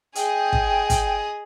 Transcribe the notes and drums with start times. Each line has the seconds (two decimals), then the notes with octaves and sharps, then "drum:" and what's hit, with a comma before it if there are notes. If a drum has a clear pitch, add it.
0.15 G#4 D#5 G5, drum: hi-hat
0.53 drum: kick
0.90 drum: kick, hi-hat